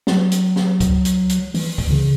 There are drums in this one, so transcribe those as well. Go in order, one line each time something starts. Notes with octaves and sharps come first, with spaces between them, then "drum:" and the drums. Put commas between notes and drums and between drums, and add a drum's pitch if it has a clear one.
F#3, drum: snare
drum: hi-hat
drum: snare
drum: kick C#2, hi-hat
drum: hi-hat
drum: hi-hat
E3, drum: open hi-hat
drum: kick C#2, open hi-hat
C#3